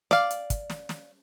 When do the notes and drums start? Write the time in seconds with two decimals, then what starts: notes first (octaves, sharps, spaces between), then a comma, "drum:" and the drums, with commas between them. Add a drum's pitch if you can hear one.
0.11 D5 F5, drum: snare
0.31 drum: hi-hat
0.50 drum: kick, hi-hat
0.70 drum: snare
0.89 drum: snare